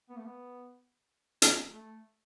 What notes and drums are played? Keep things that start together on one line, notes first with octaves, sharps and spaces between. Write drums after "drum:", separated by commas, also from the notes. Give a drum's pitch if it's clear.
B3
A3
B3
drum: hi-hat
A3